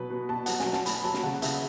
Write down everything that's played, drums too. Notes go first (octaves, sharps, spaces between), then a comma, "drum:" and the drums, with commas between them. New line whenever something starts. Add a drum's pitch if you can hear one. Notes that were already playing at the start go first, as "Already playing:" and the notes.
Already playing: B2 F#3 B4
B2
B2 A5
F#3 F#5, drum: hi-hat
G#5, drum: snare
F#3
A5, drum: snare
F#3 B5, drum: hi-hat
F#3 A5
drum: snare
C#3 F#5
C#3 E5, drum: hi-hat